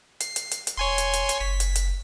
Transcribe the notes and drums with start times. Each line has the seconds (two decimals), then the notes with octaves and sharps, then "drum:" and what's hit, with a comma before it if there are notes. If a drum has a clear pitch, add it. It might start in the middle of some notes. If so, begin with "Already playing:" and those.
0.20 C7, drum: hi-hat
0.36 drum: hi-hat
0.51 drum: hi-hat
0.67 drum: hi-hat
0.77 E1 C#5 G#5 C6
0.98 drum: hi-hat
1.13 drum: hi-hat
1.29 drum: hi-hat
1.41 F#1 B6
1.60 drum: hi-hat
1.75 drum: hi-hat